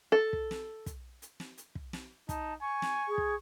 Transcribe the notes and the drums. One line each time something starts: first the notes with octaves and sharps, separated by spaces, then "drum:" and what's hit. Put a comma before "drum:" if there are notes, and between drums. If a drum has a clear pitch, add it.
A4
drum: kick
drum: snare
drum: kick, hi-hat
drum: hi-hat
drum: snare
drum: hi-hat
drum: kick
drum: snare
D#4 A5, drum: kick, hi-hat
G#5 C#6
drum: snare
G#4
drum: kick